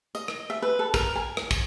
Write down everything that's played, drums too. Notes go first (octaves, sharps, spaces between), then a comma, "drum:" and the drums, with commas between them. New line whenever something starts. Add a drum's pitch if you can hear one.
D#5, drum: tambourine
drum: rim click
E5
B4
A4
A#4, drum: kick, tambourine
G#5
drum: rim click
drum: kick, tambourine